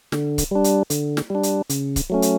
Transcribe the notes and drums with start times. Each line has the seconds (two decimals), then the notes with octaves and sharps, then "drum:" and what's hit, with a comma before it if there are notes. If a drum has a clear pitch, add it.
0.12 D3, drum: snare
0.38 drum: kick C#1, hi-hat
0.51 G3 D4
0.64 drum: hi-hat
0.90 D3, drum: hi-hat
1.17 drum: snare
1.30 G3 D4
1.43 drum: hi-hat
1.70 C#3, drum: hi-hat
1.96 drum: kick C#1, hi-hat
2.10 F#3 A3 C#4
2.22 drum: hi-hat